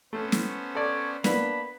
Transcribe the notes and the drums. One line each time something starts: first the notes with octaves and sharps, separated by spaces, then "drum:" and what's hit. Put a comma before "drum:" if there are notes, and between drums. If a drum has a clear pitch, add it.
A3 B3 C#4 C5
drum: snare
A4 C#5 D5
A#3 B3 D4 B4 B5, drum: snare